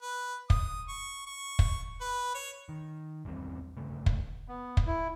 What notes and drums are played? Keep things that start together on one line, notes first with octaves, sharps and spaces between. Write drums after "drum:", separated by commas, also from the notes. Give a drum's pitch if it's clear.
B4
D#6, drum: kick
C#6
C#6
drum: kick
B4
C#5
D#3
G#1 E2 G3 C4
G1 D2 C#3 A3
drum: kick
B3
drum: kick
E4